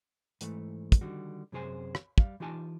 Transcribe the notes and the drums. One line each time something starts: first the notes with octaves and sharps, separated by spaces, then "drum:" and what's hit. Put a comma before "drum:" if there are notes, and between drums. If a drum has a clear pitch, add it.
G#2 E3 A3, drum: hi-hat
drum: kick, hi-hat
D3 D#3 G3 F#4
F#2 C3 G#4 C5 G#5
drum: rim click
G3 F5, drum: kick
E3 D#4 F4 G4 G#5 A5